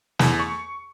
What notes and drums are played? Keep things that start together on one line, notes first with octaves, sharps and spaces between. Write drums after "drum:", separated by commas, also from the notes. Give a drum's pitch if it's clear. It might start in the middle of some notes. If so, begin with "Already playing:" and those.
E2, drum: snare
C#6